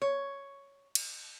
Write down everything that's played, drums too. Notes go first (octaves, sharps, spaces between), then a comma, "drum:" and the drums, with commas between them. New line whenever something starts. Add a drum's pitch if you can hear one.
C#5
drum: cymbal